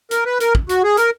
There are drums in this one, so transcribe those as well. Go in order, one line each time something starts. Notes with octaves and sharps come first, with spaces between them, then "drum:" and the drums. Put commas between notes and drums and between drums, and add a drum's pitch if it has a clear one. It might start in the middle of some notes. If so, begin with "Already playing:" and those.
A#4, drum: hi-hat
B4
A#4, drum: hi-hat
drum: kick
F#4, drum: hi-hat
G#4
A#4, drum: hi-hat